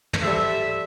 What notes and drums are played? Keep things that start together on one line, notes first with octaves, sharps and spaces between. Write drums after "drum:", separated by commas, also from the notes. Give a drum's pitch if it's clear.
drum: tom
G3 A4 C5 E5